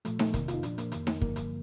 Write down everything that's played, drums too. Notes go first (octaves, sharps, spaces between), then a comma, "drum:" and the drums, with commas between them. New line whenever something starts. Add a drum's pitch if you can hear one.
A#2 F3 A3, drum: hi-hat
A3, drum: snare D#4
F2 C3 D#3 A#3, drum: kick, hi-hat
F4, drum: hi-hat
D#4
A#2 F3 D4, drum: hi-hat
A#3, drum: hi-hat
F2 D#3, drum: hi-hat
drum: snare D#4
G2 D3 F3 A#3, drum: kick
drum: hi-hat